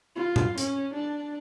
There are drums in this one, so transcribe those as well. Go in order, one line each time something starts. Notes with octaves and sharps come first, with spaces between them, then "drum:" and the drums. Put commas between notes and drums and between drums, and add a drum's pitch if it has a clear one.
F4
drum: tom A2
C#4, drum: hi-hat
D4